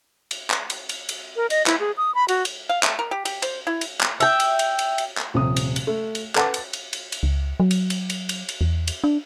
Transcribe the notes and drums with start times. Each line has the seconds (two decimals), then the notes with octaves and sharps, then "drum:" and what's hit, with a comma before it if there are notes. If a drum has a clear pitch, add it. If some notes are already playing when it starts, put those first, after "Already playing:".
0.31 drum: cymbal
0.50 drum: clap
0.70 drum: cymbal
0.89 drum: cymbal
1.09 drum: cymbal
1.36 A#4
1.50 D#5, drum: cymbal
1.66 E4, drum: clap
1.80 G#4
1.97 D#6
2.15 B5
2.28 F#4, drum: cymbal
2.45 drum: cymbal
2.69 F5
2.83 A3, drum: clap
2.99 A#4
3.11 G4
3.25 G4, drum: cymbal
3.42 C5, drum: cymbal
3.67 E4
3.81 drum: cymbal
4.01 drum: clap
4.20 E5 G5, drum: cymbal
4.40 drum: cymbal
4.59 drum: cymbal
4.79 drum: cymbal
4.98 drum: cymbal
5.18 drum: clap
5.34 D#1 C3 F3 D#6
5.56 drum: cymbal
5.76 drum: cymbal
5.87 A3
6.15 drum: cymbal
6.36 A4 B4 F#5 A5 D6 A6, drum: clap
6.54 drum: cymbal
6.73 drum: cymbal
6.93 drum: cymbal
7.12 drum: cymbal
7.23 C#2
7.60 F#3
7.71 drum: cymbal
7.90 drum: cymbal
8.10 drum: cymbal
8.29 drum: cymbal
8.49 drum: cymbal
8.61 E2
8.87 drum: cymbal
9.04 D4